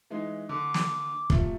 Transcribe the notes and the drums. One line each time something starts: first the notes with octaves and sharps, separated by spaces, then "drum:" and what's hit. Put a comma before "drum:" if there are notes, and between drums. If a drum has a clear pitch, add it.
E3 G#3 D#4
D3 D6
drum: snare
C3 F3 A3, drum: kick